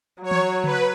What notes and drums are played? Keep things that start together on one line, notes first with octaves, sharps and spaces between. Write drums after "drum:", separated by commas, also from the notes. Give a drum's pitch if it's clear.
F#3 C#5
drum: tom E3
B4, drum: tom C#3